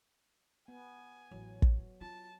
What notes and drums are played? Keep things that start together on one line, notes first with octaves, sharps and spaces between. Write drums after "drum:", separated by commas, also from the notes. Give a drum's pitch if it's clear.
B3 G#5
A1 F#3
drum: kick
F4 A5